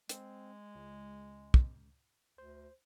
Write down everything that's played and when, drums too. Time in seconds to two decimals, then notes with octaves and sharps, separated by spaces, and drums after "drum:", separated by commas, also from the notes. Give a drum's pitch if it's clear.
0.09 G#3 C4, drum: hi-hat
0.75 C#2
1.54 drum: kick
2.38 D2 C5